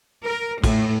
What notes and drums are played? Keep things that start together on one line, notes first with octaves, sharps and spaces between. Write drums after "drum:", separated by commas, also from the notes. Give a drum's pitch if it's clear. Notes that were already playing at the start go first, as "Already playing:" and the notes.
A#4
A2, drum: kick, cymbal